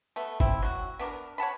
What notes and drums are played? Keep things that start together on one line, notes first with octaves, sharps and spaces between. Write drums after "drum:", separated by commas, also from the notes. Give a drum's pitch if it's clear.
A3 B3
C4 E4, drum: kick
F#3 F#4
B3 D4 F#4 A#4
C#5 F#5 A5 B5